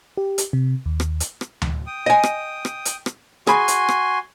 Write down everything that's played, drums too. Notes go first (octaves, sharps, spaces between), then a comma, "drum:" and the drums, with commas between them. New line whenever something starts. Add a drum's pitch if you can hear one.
G4
drum: hi-hat
C3
D#2
drum: rim click
drum: hi-hat
drum: rim click
drum: tom D2
G5 D#6
D#5 G#5
drum: rim click
drum: rim click
drum: hi-hat
drum: rim click
F#4 G#4 G#5 B5 C6, drum: rim click
drum: hi-hat
drum: rim click